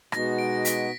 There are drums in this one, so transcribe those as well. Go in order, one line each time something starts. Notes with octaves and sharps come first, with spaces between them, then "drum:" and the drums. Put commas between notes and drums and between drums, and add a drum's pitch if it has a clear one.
B2 G#3 B3 D#4 F#4 A#6, drum: rim click
D7
B6, drum: hi-hat